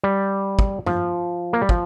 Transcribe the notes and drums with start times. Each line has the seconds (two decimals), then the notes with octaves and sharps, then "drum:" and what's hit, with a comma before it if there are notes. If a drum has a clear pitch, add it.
0.04 G3
0.59 drum: kick
0.86 F3, drum: tom
1.53 A#3
1.61 G3
1.69 F3, drum: kick